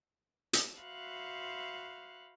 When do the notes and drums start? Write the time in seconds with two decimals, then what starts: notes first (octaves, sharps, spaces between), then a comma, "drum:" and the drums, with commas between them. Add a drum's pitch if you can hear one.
0.53 drum: hi-hat
0.79 F#4 C5 E5 F5 B5 F#6